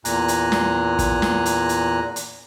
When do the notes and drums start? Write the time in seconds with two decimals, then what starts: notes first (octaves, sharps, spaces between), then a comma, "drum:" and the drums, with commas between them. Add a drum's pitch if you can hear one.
0.05 E2 A#2 G#5 A#5 F#6, drum: hi-hat
0.28 drum: hi-hat
0.52 drum: snare
0.99 drum: kick, hi-hat
1.22 drum: snare
1.46 drum: hi-hat
1.69 drum: hi-hat
2.16 drum: hi-hat